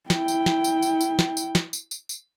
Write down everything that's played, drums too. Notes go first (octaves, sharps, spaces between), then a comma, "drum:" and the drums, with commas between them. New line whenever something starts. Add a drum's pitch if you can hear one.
E4 G5, drum: snare
drum: tambourine
drum: snare
drum: tambourine
drum: tambourine
drum: tambourine
drum: snare
drum: tambourine
drum: snare
drum: tambourine
drum: tambourine
drum: tambourine